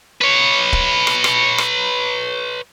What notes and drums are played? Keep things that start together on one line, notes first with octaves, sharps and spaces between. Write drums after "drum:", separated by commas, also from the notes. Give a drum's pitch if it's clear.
B4 C#5
drum: kick
drum: rim click
drum: rim click
drum: rim click